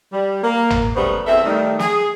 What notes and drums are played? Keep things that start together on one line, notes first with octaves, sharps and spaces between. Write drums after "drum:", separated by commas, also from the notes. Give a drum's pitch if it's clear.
G3
A#3
drum: tom
C#3 F#3 G3 A3 B3 C5
E2 C4 A4 E5
D#3 G3 A3
G#4, drum: snare